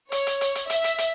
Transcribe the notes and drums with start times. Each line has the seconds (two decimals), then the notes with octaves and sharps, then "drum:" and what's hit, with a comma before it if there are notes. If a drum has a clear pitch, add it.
0.12 C#5, drum: hi-hat
0.27 drum: hi-hat
0.41 drum: hi-hat
0.55 drum: hi-hat
0.70 E5, drum: hi-hat
0.84 drum: hi-hat
0.98 drum: hi-hat